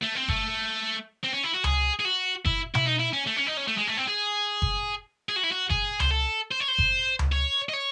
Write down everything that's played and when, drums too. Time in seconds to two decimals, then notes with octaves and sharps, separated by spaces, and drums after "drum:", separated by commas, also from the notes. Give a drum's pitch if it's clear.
0.02 A3
0.15 C4
0.28 A3, drum: kick F#1
1.24 C4
1.33 C#4
1.44 E4
1.54 F#4
1.64 G#4, drum: tom C#2
2.00 G#4
2.05 F#4
2.46 E4, drum: kick F#1
2.75 E4, drum: tom B2
2.86 D#4
2.99 E4
3.13 C#4
3.27 A3
3.36 C#4
3.47 D#4
3.57 C#4
3.68 A3
3.78 G#3
3.87 A3
3.97 C4
4.08 G#4
4.62 drum: kick F#1
5.29 G#4
5.36 F#4
5.44 E4
5.52 F#4
5.70 G#4, drum: kick F#1
6.00 C5, drum: tom C#2
6.11 A4
6.51 C5
6.60 C#5
6.68 C5
6.79 drum: kick F#1
7.19 drum: tom C#2
7.32 C#5
7.69 D#5
7.73 C#5